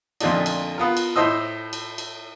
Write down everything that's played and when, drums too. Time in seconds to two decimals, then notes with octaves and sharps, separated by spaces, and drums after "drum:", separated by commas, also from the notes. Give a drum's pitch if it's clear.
0.20 F2 A#2 D3 A3 D4 D#4, drum: cymbal
0.46 drum: cymbal
0.78 B3 F4 A#4
0.97 drum: cymbal
1.16 A2 C5 D#5 E6
1.73 drum: cymbal
1.98 drum: cymbal